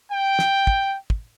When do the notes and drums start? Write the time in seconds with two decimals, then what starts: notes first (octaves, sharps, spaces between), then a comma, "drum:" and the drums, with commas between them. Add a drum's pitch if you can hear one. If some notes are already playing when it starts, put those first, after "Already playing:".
0.10 G5
0.39 drum: snare
0.67 drum: kick
1.10 drum: kick